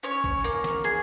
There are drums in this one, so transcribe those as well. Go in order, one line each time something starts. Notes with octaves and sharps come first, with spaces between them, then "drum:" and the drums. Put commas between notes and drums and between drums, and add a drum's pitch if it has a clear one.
C#4 C#5
drum: kick
A#3
drum: snare
G#4